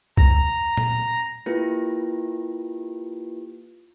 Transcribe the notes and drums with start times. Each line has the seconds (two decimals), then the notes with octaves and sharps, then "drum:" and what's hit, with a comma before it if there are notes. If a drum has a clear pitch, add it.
0.17 A#5, drum: kick
0.77 drum: tom A#2
1.46 A#3 E4 F4 G4 B4